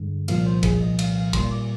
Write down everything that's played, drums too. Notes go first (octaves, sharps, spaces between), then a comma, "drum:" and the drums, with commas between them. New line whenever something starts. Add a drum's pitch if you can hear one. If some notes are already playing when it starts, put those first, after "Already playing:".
Already playing: G2 D3 G#3
C2 A#2 F3 A#3 F5, drum: cymbal
C5
G#4, drum: kick, cymbal
D#5
F5, drum: cymbal
F5
A#2 G3 A#3 C6, drum: kick, cymbal
D6